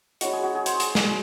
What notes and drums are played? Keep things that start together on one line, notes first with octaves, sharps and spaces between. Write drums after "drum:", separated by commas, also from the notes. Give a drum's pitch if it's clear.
G#3 C#4 E4 F#4, drum: hi-hat
G#4
F#4
G#4
C5, drum: hi-hat
G#4, drum: hi-hat
G#4, drum: snare